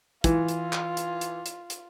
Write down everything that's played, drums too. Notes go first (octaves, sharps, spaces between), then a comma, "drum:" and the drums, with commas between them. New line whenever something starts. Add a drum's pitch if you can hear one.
E3 F4, drum: kick, hi-hat
drum: hi-hat
drum: clap
drum: hi-hat
drum: hi-hat
drum: hi-hat
drum: hi-hat